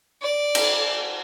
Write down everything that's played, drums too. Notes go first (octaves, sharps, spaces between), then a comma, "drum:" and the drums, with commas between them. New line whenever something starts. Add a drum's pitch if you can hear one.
D5
drum: cymbal